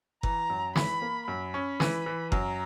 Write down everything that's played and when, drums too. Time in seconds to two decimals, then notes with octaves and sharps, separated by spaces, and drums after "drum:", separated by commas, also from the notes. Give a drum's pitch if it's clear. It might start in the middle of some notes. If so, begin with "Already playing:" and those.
0.23 E3 A#5, drum: kick F#1
0.50 F#2
0.76 E3 B5, drum: snare
1.02 A#3
1.28 F#2 B5
1.54 C#4
1.80 E3, drum: snare
2.06 E3
2.32 F#2 A#5, drum: kick F#1